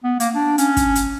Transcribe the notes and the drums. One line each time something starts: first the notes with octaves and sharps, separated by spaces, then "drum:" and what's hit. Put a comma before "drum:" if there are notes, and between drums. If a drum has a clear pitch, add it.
B3
A#3, drum: hi-hat
D4
C#4, drum: hi-hat
drum: kick, hi-hat
drum: hi-hat